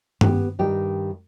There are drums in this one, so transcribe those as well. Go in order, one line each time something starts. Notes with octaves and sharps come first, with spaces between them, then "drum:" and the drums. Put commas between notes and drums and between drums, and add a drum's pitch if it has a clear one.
B3 G4, drum: tom G2
G2 D#3 D#4 G4